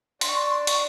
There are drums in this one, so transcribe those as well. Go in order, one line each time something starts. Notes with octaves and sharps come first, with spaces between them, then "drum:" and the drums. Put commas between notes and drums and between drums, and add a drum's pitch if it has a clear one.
D4 C6, drum: hi-hat
C#6
C6
C#6
C6
C#6, drum: hi-hat